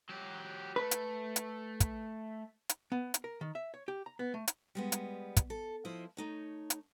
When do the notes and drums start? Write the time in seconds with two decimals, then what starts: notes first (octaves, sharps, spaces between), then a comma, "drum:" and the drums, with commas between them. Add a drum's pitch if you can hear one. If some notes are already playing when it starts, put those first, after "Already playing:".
0.10 F#3 G4
0.76 A3 B4
0.91 drum: hi-hat
1.36 drum: hi-hat
1.80 drum: kick, hi-hat
2.69 drum: hi-hat
2.92 B3
3.14 drum: hi-hat
3.24 A#4
3.41 D#3
3.55 E5
3.74 C#5
3.88 G4
4.06 A#5
4.19 B3
4.34 A3
4.47 drum: hi-hat
4.75 G3 G#3 B3
4.92 drum: hi-hat
5.37 drum: kick, hi-hat
5.50 A4
5.85 F3 E4 C5 D#5
6.17 A3 D#4 C#5
6.70 drum: hi-hat